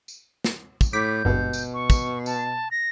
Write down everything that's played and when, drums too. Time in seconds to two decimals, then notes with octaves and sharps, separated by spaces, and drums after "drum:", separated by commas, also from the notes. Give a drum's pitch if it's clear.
0.08 drum: tambourine
0.44 drum: snare
0.81 drum: kick, tambourine
0.93 A2 D6 G6 B6
1.25 G#1 D2 G2 B2
1.53 drum: tambourine
1.74 C#6
1.90 drum: kick, tambourine
2.26 A5, drum: tambourine
2.71 A#6